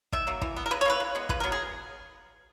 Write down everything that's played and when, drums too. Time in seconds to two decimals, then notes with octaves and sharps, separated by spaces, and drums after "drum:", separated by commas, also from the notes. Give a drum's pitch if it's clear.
0.12 D#3 E5, drum: kick
0.27 F#3 A#3
0.42 E3, drum: kick
0.56 B3
0.66 A#4
0.71 C#3 B4
0.81 C#5
0.85 E3 A#3 B4
1.00 C#3
1.15 G#3 B3
1.29 C#3 B4, drum: kick
1.40 F#3 B3 A#4
1.52 G#4